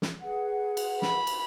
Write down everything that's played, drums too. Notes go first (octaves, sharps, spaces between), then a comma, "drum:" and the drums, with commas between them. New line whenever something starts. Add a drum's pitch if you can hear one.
drum: snare
G#4 B4 F#5
drum: cymbal
B5, drum: snare
drum: cymbal